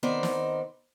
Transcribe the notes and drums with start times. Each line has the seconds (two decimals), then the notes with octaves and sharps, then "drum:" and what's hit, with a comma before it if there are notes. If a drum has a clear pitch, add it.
0.03 D#3 B3 C4 D#4 C5 D5
0.23 drum: snare